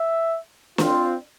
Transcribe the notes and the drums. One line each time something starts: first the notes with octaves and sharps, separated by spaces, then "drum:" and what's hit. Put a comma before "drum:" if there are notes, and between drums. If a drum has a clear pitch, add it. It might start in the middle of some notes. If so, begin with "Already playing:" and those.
Already playing: E5
C4 F4, drum: snare